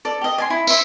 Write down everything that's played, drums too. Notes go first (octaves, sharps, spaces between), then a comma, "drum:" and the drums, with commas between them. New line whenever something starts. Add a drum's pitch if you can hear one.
A4 D5
G4 D#5
D5 G#5 C6
E4
C5 E5, drum: tambourine